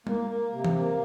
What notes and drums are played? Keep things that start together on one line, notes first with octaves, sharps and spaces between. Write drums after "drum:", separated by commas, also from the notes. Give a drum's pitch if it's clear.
A#3, drum: tom G3
A#3
C3
drum: tom E3
A#3